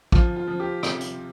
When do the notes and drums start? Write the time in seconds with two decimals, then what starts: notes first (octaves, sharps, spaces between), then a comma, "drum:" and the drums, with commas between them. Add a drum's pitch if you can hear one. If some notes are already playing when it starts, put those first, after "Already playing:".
0.12 F3 F4, drum: kick
0.36 F4
0.48 F3
0.60 G4
0.83 C3, drum: rim click
1.00 drum: hi-hat